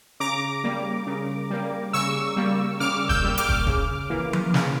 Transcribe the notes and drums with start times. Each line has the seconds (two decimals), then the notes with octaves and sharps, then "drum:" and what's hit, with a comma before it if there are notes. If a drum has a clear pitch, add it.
0.20 C#3 A#5 D6
0.64 G3 A#3
1.07 C#3
1.50 G3 A#3
1.93 C#3 C#6 E6
2.36 G3 A#3
2.80 C#3 D6 F6
3.09 E6 G6, drum: kick
3.24 G3 A#3
3.38 D6 F6, drum: hi-hat
3.49 drum: kick
3.67 C#3, drum: kick
4.10 E3 A#3
4.33 drum: tom F3
4.54 C#3, drum: snare